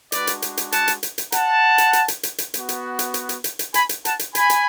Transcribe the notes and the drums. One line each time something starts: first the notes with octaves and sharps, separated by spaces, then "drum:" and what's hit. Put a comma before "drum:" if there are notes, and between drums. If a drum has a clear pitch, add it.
G#3 D4 F#4 B4 D5, drum: hi-hat
drum: hi-hat
drum: hi-hat
drum: hi-hat
F#5 A5, drum: hi-hat
drum: hi-hat
drum: hi-hat
drum: hi-hat
F#5 A5, drum: hi-hat
drum: hi-hat
drum: hi-hat
drum: hi-hat
drum: hi-hat
drum: hi-hat
B3 F#4, drum: hi-hat
drum: hi-hat
drum: hi-hat
drum: hi-hat
drum: hi-hat
drum: hi-hat
drum: hi-hat
G#5 B5, drum: hi-hat
drum: hi-hat
F#5 A5, drum: hi-hat
drum: hi-hat
G#5 B5, drum: hi-hat
drum: hi-hat